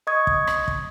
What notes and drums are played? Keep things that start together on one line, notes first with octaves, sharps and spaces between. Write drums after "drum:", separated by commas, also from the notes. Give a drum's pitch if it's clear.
D#5 C#6 D#6 G#6
drum: kick
drum: rim click
drum: kick